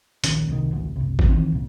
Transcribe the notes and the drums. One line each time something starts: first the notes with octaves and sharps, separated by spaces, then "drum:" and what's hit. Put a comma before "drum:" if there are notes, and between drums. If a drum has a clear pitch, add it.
D1 A#1 D#3 C#4, drum: hi-hat
D#1 C2 B2 D#3
D#1 A1 D2
F#1 C2
drum: kick G#1
D#3 E3 C4
C2 A#2